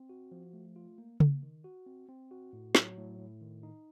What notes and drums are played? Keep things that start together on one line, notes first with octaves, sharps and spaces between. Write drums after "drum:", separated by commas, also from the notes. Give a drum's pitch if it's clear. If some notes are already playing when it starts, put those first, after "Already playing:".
Already playing: C4
F#4
F3
A3
F4
A#3
A#3, drum: tom C#3
D#3
F#4
C4
C4
F#4
A2
F#3, drum: snare
A2
A2
D#3
D#4